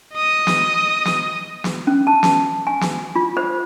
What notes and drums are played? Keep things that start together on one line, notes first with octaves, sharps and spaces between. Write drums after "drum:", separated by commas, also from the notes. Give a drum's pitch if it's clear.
D#5 D#6
drum: snare
drum: snare
drum: snare
C#4
A5
drum: snare
G#5
drum: snare
F4
C5